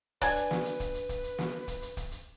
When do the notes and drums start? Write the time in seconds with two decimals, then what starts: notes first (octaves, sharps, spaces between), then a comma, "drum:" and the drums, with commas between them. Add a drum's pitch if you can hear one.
0.22 D4 B4 G#5, drum: kick, hi-hat
0.36 drum: hi-hat
0.51 drum: snare
0.65 drum: hi-hat
0.80 drum: kick, hi-hat
0.95 drum: hi-hat
1.09 drum: kick, hi-hat
1.24 drum: hi-hat
1.38 drum: snare
1.68 drum: kick, hi-hat
1.82 drum: hi-hat
1.97 drum: kick, hi-hat
2.12 drum: hi-hat